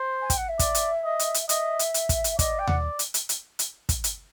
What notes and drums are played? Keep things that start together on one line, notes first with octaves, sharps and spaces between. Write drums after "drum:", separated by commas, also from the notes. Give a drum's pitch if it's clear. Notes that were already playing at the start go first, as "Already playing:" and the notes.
Already playing: C5
G#5
G5, drum: kick, hi-hat
F#5
E5
D5, drum: kick, hi-hat
drum: hi-hat
D#5
drum: hi-hat
drum: hi-hat
D#5 E5, drum: hi-hat
drum: hi-hat
drum: hi-hat
drum: kick, hi-hat
drum: hi-hat
D5 D#5, drum: kick, hi-hat
G5
F#5, drum: tom D#2
drum: hi-hat
drum: hi-hat
drum: hi-hat
drum: hi-hat
drum: kick, hi-hat
drum: hi-hat